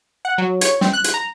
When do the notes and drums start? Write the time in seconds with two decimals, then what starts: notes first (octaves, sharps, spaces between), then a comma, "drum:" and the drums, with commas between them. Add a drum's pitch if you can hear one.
0.25 F#5
0.38 F#3
0.61 C#5, drum: hi-hat
0.81 C4, drum: snare
0.93 F#6
1.04 drum: hi-hat
1.14 A#5